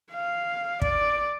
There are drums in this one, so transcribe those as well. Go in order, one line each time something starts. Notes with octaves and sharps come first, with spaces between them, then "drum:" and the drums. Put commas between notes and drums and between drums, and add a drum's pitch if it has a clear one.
F5
D5, drum: kick